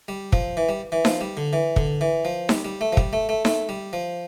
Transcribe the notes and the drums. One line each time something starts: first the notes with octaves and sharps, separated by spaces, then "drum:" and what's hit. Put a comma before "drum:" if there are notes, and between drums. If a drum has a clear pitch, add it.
G3
F3, drum: kick
E3
G3
E3
F3, drum: snare D#4
G3
D3
E3
D3, drum: kick
E3
F3
G3, drum: snare D#4
G3
A3
F3
G3, drum: kick
A3
A3
A3, drum: snare D#4
G3
F3